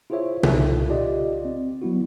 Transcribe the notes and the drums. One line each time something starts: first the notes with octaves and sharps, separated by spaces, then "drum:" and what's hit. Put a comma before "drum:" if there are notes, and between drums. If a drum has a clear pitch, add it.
E4 F4 G#4 C5 C#5 E5
C2 C#3 D#4 F4 A4 E5, drum: tom B2
F4 G4 D5 D#5
C4
F#3 B3 E4 F#4